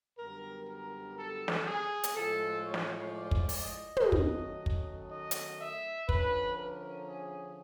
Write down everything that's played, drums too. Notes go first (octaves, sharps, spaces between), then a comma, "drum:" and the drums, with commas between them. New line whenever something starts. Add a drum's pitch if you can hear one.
F#2 D3 G3 B3 A#4
A#4
A4
drum: snare
G#4
drum: hi-hat
A2 F3 G#3 A4
C#5
drum: snare
D5
drum: kick
drum: open hi-hat
D#5
drum: tom
D#3 F#3 A3 C#4, drum: kick
drum: kick
D#5
drum: hi-hat
E5
D3 F3 A3 C#4 B4, drum: kick
A#4
G#4